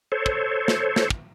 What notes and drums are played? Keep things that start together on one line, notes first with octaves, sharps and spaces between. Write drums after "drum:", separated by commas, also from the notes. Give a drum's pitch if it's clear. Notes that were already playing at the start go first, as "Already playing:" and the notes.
A4 C5 C#5
drum: kick
drum: snare
drum: snare
drum: kick